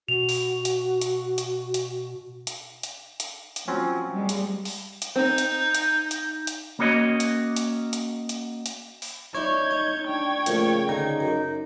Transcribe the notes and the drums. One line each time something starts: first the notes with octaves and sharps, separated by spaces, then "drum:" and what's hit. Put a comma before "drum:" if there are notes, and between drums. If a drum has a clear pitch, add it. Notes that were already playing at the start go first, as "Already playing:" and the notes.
B2 F#4 F7
drum: open hi-hat
drum: hi-hat
drum: hi-hat
drum: hi-hat
drum: hi-hat
drum: hi-hat
drum: hi-hat
drum: hi-hat
drum: hi-hat
F3 F#3 C4 C#4
G3 G#3
drum: hi-hat
drum: open hi-hat
drum: hi-hat
C4 D#4 G6
drum: hi-hat
drum: hi-hat
drum: hi-hat
drum: hi-hat
A#3 C#4 F#4 C#5 D#5
drum: hi-hat
drum: hi-hat
drum: hi-hat
drum: hi-hat
drum: hi-hat
drum: open hi-hat
D#4 E4 C#5 D5 G6 G#6
D#5
D4 G5 G#6
A#2 C#3 F3 A3, drum: hi-hat
D3 D#4
F#2